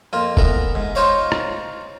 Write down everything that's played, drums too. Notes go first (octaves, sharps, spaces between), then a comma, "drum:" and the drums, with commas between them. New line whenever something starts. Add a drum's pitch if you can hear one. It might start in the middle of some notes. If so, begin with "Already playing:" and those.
F2 A#3 F4
E3 B3 A4 A#4, drum: kick E1
G#2
D#4 F4 C5 C#5 F5
drum: rim click